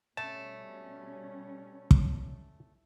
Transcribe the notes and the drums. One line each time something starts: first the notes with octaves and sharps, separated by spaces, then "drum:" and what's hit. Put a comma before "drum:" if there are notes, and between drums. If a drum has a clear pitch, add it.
B2 G3 A3 C#4 A5
drum: kick